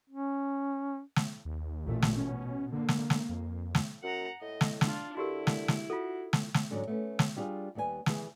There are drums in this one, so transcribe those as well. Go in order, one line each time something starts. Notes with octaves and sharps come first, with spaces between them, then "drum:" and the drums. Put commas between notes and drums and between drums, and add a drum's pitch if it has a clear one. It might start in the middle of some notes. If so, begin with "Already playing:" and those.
C#4
drum: snare
D#2
A1 A#2 A3
drum: snare
B2 C#4
D3 A#3
drum: snare
drum: snare
F2
drum: snare
F#2 F#5 A#5
A2 D#5
drum: snare
D4 F4, drum: snare
D3 E4 F#4 G4 A#4
drum: snare
drum: snare
F4 F#4 A4
drum: snare
drum: snare
G#2 D3 F#3 C#4
A3 B3 C#4
drum: snare
G3 D4 F4 F#4 G#4
D#2 G3 B3 D#5 G#5
E3 G#4, drum: snare